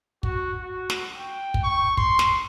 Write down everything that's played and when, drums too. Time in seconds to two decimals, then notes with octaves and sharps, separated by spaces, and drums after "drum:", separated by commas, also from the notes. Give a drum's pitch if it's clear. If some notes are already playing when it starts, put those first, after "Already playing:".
0.23 F#4, drum: kick
0.62 F#4
0.90 drum: snare
1.17 G5
1.54 drum: kick
1.63 C#6
1.97 C6, drum: kick
2.19 drum: snare